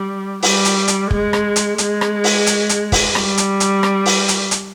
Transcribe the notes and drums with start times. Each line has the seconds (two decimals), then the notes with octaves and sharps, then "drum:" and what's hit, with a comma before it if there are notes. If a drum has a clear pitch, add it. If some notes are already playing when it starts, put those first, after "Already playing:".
Already playing: G3
0.43 G3, drum: open hi-hat
0.65 drum: hi-hat
0.88 drum: hi-hat
1.11 G#3, drum: kick
1.33 drum: rim click
1.56 drum: hi-hat
1.78 G#3, drum: hi-hat
2.01 drum: rim click
2.24 drum: open hi-hat
2.47 drum: hi-hat
2.69 drum: hi-hat
2.92 drum: kick, open hi-hat
3.15 G3, drum: rim click
3.37 drum: hi-hat
3.60 drum: hi-hat
3.83 drum: rim click
4.06 drum: open hi-hat
4.28 drum: hi-hat
4.51 drum: hi-hat